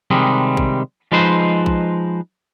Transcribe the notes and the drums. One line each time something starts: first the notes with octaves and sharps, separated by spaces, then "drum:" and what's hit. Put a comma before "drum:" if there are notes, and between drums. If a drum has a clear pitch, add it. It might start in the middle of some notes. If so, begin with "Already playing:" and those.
C3 D#3 G3 G#3, drum: tom E3
drum: kick A#1
F3 G#3 D#4 B4 C5
drum: kick A#1